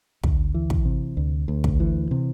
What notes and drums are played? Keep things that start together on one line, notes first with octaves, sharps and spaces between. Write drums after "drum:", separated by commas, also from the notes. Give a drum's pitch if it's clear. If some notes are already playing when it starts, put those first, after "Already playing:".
D2, drum: kick
E3
drum: kick
C3
D2
D2
drum: kick
E3
C3